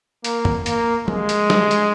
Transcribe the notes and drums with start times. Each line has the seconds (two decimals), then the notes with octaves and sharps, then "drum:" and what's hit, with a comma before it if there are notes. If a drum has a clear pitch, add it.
0.24 A#3, drum: hi-hat
0.45 drum: tom
0.66 A#3, drum: hi-hat
1.08 G#3, drum: tom
1.29 drum: hi-hat
1.50 drum: snare
1.71 drum: hi-hat